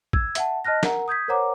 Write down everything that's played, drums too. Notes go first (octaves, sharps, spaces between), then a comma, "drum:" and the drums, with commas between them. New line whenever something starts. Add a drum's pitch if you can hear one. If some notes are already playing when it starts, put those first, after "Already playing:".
E6 G#6, drum: kick
E5 F#5 A5, drum: hi-hat
D#5 A5 F6 F#6 A#6
A#4 F#5 A#5, drum: snare
D#6 G6 G#6 B6
A#4 C5 C#5 F#5 A#5 D6